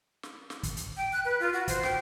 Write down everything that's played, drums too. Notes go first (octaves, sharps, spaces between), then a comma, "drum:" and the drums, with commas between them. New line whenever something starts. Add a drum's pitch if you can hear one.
drum: snare
drum: snare
drum: kick, hi-hat
drum: hi-hat
G5
F#6
B4
F4
F#4
C5, drum: kick, hi-hat
G5, drum: snare